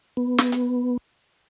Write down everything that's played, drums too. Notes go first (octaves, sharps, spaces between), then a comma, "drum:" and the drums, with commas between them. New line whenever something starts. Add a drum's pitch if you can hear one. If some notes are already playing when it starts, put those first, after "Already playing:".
B3
drum: snare
drum: hi-hat